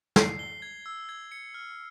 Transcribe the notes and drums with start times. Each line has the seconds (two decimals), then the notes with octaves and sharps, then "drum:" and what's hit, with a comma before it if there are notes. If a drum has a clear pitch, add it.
0.16 C7, drum: snare
0.39 G7
0.62 G#6
0.86 E6
1.09 G#6
1.32 C#7
1.54 F6